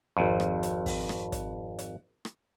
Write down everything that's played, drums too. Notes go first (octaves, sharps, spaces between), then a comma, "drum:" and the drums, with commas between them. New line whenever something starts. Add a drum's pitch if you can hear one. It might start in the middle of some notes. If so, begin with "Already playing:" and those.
G#1 F2
drum: rim click
drum: hi-hat
drum: kick, open hi-hat
drum: rim click
drum: kick, hi-hat
drum: hi-hat
drum: rim click